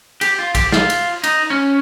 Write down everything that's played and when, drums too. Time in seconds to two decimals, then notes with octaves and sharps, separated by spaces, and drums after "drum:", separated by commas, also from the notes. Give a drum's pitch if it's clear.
0.21 G4, drum: cymbal
0.39 F4
0.55 G4, drum: kick, cymbal
0.72 F4, drum: snare
0.90 drum: cymbal
1.24 D#4, drum: cymbal
1.50 C#4